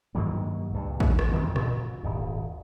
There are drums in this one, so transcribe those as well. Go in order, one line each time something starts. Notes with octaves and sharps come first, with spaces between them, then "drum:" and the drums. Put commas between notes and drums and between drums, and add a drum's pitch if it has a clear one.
G2 D#3 F#3 A#3
C#2 G2 A#2
drum: kick
drum: rim click
F#2 D#3 E3 C4
A#2, drum: rim click
D#1 G#1 D2